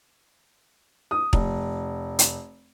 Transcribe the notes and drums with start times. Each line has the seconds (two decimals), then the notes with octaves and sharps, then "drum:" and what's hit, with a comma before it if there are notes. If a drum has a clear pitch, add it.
1.11 D#6
1.33 F1, drum: kick
2.19 drum: hi-hat